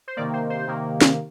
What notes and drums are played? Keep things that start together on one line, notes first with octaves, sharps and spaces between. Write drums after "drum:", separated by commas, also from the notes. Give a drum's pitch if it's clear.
C5
C3 D#3 A#3 D5
C5
C5
C3 D#3 A#3
drum: snare C4